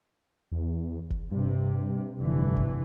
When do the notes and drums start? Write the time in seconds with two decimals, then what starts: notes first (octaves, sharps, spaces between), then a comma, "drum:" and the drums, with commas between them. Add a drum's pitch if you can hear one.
0.52 E2
1.10 drum: kick
1.31 G2 C3
2.20 F1 D3 E3
2.56 drum: kick